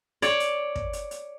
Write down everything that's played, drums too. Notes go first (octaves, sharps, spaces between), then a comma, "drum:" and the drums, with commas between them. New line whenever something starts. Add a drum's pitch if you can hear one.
C#5 D5, drum: hi-hat
drum: hi-hat
drum: kick
drum: hi-hat
drum: hi-hat